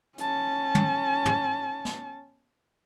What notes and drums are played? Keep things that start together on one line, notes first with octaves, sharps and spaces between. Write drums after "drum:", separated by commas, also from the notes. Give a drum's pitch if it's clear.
C#4 A5, drum: hi-hat
drum: tom
drum: tom
drum: snare